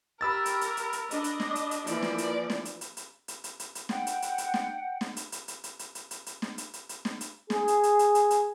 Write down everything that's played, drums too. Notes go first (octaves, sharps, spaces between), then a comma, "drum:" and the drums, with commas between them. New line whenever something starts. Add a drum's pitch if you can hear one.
G4 A#4 B5 E6 A6
drum: hi-hat
drum: hi-hat
drum: hi-hat
drum: hi-hat
D4 D#5, drum: hi-hat
drum: hi-hat
drum: snare
drum: hi-hat
drum: hi-hat
E3 F3 A#3 D5, drum: hi-hat
drum: snare
drum: hi-hat
drum: snare
drum: hi-hat
drum: hi-hat
drum: hi-hat
drum: hi-hat
drum: hi-hat
drum: hi-hat
drum: hi-hat
F#5 G5, drum: snare
drum: hi-hat
drum: hi-hat
drum: hi-hat
drum: snare
drum: snare
drum: hi-hat
drum: hi-hat
drum: hi-hat
drum: hi-hat
drum: hi-hat
drum: hi-hat
drum: hi-hat
drum: hi-hat
drum: snare
drum: hi-hat
drum: hi-hat
drum: hi-hat
drum: snare
drum: hi-hat
G#4, drum: snare
drum: hi-hat
drum: hi-hat
drum: hi-hat
drum: hi-hat
drum: hi-hat